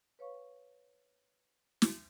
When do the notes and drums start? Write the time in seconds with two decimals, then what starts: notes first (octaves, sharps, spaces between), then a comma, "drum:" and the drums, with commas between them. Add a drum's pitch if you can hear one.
0.19 B4 C#5 F5 C#6
1.82 drum: snare